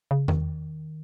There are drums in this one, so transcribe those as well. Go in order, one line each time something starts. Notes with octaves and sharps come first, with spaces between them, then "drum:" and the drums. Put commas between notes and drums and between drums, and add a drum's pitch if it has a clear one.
C#3
D#3, drum: tom E2